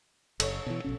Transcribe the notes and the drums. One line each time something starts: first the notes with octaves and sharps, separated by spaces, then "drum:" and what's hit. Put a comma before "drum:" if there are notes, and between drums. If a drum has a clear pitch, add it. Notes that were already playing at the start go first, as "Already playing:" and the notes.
F#1 A4 C#5, drum: cymbal
B2 E3
A#1 B2 C#4